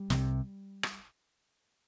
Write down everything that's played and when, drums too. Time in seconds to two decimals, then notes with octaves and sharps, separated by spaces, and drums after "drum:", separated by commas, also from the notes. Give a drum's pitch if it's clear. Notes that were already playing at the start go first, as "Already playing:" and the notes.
Already playing: G3
0.10 C2 C3, drum: snare
0.83 drum: rim click